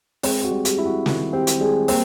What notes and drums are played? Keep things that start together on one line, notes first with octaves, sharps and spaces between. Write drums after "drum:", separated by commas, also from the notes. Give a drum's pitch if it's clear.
G#3 C4 G#4, drum: open hi-hat
F#4
G3
G4, drum: hi-hat
E4
F#4
D#3 F#4, drum: snare
C4 G4
drum: hi-hat
G3 G#3 G#4
A#3 C4 A#4, drum: open hi-hat